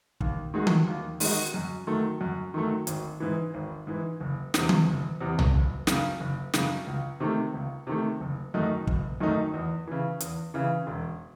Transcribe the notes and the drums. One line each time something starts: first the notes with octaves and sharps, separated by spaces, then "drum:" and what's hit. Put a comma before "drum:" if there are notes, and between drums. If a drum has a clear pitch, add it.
D#2, drum: kick
D#3 G#3 D#4 F#4
drum: tom D#3
D#2
D#3 G#3 D#4 F#4, drum: open hi-hat
F#2
D#3 F#3 A3
F#2
D#3 F#3 A3
G#1, drum: hi-hat
G#2 E3
G#1
G#2 E3
F#1
E2 C3, drum: snare
drum: tom D#3
F#1
E2 C3
drum: tom C2
F#1
F#2 C#3, drum: snare
F#1
F#2 C#3, drum: snare
C#2
C3 D#3 A3
C#2
C3 D#3 A3
F#1
F#2 D#3 A3 D#4
F#1, drum: kick
F#2 D#3 A3 D#4
E2
C#3 E3
E2, drum: hi-hat
C#3 E3
E1